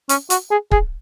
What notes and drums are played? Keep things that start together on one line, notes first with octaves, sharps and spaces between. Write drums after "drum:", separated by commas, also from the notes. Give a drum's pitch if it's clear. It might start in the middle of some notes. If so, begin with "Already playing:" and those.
C#4, drum: hi-hat
F#4, drum: hi-hat
G#4
G#4, drum: kick